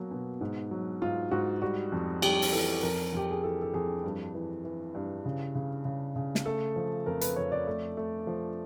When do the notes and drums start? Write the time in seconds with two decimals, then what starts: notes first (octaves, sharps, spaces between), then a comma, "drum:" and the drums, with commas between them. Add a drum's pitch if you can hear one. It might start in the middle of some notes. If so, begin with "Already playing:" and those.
Already playing: B2 F#3 A#3
0.11 B2
0.41 G#2
0.71 F#3
1.02 G#2 F4
1.31 G#2 F#4
1.62 G3 F#4
1.92 F2
2.22 G3 G4, drum: cymbal
2.42 drum: open hi-hat
2.52 E3 A4
2.83 F2 A#4
3.13 F2 G4
3.30 G#4
3.43 E3 A4
3.62 A4
3.74 F2 G#4
4.04 G2
4.34 E3
4.64 E3
4.95 G2
5.25 C#3
5.55 C#3
5.85 C#3
6.16 C#3
6.35 drum: snare
6.46 A3 A4
6.76 F3
7.06 F2 A#4
7.21 B4, drum: hi-hat
7.36 F2 C#5
7.52 D5
7.67 A3
7.97 A3
8.27 F3